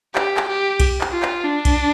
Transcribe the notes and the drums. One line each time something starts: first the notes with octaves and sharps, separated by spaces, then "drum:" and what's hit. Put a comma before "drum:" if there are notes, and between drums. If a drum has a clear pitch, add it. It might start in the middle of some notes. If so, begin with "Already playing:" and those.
G4, drum: clap
drum: clap
G4
drum: kick B1, cymbal
drum: clap
F4
drum: clap
D4
drum: kick B1, cymbal